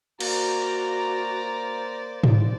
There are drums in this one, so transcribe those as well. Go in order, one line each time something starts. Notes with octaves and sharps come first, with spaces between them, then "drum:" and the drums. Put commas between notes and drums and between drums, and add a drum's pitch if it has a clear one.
A#3 F#4 C5 D5 A#5, drum: cymbal
drum: tom G#2